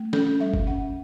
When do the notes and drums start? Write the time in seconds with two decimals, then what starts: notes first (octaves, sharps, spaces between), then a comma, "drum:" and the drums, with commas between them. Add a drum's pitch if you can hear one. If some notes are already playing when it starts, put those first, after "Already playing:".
Already playing: A3
0.13 C#4 A4, drum: snare
0.40 G3 E5
0.54 drum: kick
0.67 C#4 F#5